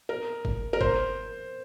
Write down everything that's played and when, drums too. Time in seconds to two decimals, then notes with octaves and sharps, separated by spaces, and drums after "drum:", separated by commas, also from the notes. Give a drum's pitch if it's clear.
0.09 A#4
0.45 drum: kick F#1
0.73 A#4
0.81 C5, drum: kick F#1